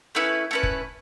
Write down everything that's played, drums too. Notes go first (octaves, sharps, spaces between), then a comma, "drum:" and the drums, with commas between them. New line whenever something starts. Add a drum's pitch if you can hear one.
A3 C#4 E4 B4
A3 C#4 E4 B4
drum: kick